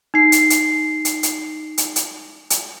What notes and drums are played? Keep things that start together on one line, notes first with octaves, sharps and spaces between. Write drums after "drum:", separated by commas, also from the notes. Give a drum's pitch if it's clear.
D#4 C7
drum: hi-hat
drum: hi-hat
drum: hi-hat
drum: hi-hat
drum: hi-hat
drum: hi-hat
drum: hi-hat